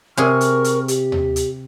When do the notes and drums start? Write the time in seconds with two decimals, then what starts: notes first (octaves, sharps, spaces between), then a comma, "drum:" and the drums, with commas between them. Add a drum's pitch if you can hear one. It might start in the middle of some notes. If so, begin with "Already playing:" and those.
0.17 C3 G#4 A#4 C#6 F6
0.41 drum: hi-hat
0.64 drum: hi-hat
0.88 G4, drum: hi-hat
1.12 drum: tom D#2
1.36 drum: hi-hat